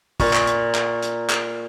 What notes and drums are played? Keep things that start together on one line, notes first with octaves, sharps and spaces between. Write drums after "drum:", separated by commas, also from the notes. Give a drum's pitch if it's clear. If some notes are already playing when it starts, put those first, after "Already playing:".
A#2 C#6, drum: kick, open hi-hat
drum: clap
drum: hi-hat
drum: clap
drum: hi-hat
drum: clap